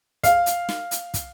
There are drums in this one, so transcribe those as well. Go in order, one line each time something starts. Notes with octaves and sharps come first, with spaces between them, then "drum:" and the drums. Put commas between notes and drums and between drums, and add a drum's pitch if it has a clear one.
F5, drum: kick, hi-hat
drum: hi-hat
drum: snare
drum: hi-hat
drum: kick, hi-hat